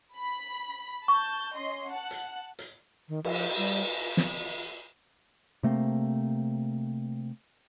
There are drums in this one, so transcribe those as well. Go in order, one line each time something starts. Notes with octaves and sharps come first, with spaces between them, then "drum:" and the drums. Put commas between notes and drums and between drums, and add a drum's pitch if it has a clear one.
B5
A5 C#6 G6
C#4 D#5 C6
F#5 A5 F#6
drum: hi-hat
drum: hi-hat
D#3
F3, drum: cymbal
G3
drum: snare
C3 A3 A#3 C4